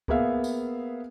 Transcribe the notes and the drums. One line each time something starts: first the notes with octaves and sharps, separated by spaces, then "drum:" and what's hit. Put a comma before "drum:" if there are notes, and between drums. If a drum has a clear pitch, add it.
A#3 B3 G#4 E5 F5, drum: kick C#2
drum: tambourine